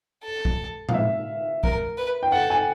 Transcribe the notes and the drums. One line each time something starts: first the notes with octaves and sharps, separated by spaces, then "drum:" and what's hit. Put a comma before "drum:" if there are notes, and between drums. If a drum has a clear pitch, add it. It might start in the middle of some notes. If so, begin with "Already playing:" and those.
A4
drum: kick
F5, drum: tom A2
E5
A#4, drum: kick
B4
G5
A4 F#5
G#5